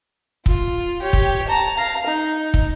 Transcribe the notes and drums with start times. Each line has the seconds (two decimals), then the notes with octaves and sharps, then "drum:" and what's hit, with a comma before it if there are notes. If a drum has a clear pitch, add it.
0.46 F4, drum: kick
1.02 G4 C#5
1.13 drum: kick
1.48 A5 A#5
1.77 F5 A#5
2.07 D#4
2.54 drum: kick